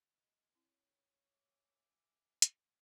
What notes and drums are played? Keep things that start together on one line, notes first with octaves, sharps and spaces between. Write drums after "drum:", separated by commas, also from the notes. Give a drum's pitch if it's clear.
C4 D#4 D#5
B3 C4 E4 C#5 G5
E5 G#5 D6
drum: hi-hat